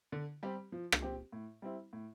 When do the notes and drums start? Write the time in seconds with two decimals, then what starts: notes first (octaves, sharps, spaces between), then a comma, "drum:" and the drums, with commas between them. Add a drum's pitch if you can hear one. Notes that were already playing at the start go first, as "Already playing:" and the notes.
0.12 D3
0.43 G3 C4 G4
0.72 F3
0.92 drum: rim click
1.02 C4 G4
1.32 A2
1.62 G3 C4 E4
1.93 A2